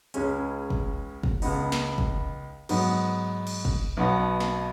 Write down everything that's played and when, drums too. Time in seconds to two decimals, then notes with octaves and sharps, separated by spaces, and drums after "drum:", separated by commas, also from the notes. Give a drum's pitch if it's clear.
0.14 C#2 C#3 G#3 C#4, drum: hi-hat
0.70 drum: kick
1.23 drum: kick
1.42 C#2 C#3 B3 D#4, drum: open hi-hat
1.72 drum: snare
1.98 drum: kick
2.69 G#2 F#3 B3 D#4, drum: cymbal
3.47 drum: cymbal
3.65 drum: kick
3.97 B1 B2 B3 D#4
4.40 drum: snare